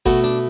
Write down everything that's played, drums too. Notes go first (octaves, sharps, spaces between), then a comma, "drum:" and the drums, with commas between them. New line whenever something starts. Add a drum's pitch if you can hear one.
B2 A3 F#4, drum: kick G1
D4